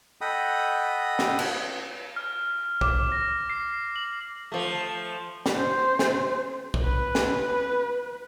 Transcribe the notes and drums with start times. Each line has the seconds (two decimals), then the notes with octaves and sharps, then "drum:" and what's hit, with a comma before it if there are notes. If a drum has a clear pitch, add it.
0.21 A4 D#5 F#5 G5 B5 D#6
1.19 drum: snare
1.39 drum: cymbal
2.16 F6
2.81 D6, drum: kick B1
3.12 A#6
3.50 C7
3.96 F#7
4.52 F3 A3
5.46 drum: snare
5.57 C5
5.99 drum: snare
6.74 drum: kick B1
6.84 B4
7.15 drum: snare